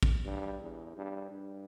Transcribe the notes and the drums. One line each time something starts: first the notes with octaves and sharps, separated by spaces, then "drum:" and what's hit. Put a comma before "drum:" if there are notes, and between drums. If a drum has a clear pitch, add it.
drum: kick
G2
E2
G2
G2